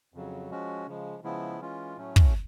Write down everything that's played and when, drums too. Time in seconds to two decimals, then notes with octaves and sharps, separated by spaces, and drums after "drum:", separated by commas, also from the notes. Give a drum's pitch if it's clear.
0.14 F2 C#3 F#3
0.50 F3 G#3 C#4 F#4
0.87 C#3 F3 G#3
1.23 C#3 F3 G#3 B3 E4
1.61 E3 G#3 C#4 F4
1.97 A2 F#3 A3 C#4
2.16 drum: kick